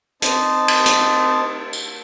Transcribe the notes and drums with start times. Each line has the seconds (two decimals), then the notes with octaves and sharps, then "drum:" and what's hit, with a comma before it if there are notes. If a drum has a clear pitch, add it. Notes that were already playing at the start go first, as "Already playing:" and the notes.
0.22 C4 D#4 A5, drum: hi-hat
0.68 drum: cymbal
0.86 drum: hi-hat
1.73 drum: tambourine